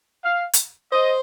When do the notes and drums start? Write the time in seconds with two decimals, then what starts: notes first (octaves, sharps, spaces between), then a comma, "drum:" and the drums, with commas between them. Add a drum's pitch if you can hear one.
0.24 F5
0.53 drum: hi-hat
0.92 C5 D#5